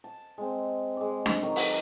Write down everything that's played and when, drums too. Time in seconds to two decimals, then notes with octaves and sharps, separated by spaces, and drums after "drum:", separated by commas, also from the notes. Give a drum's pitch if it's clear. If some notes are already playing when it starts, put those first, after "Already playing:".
0.04 A5
0.38 G#3 C4
0.97 G#3 D5
1.26 drum: snare D4
1.42 D#3 F#3 C#5
1.56 drum: open hi-hat